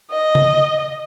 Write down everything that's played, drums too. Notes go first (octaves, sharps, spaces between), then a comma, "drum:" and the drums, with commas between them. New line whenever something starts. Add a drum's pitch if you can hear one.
D#5
drum: tom C#3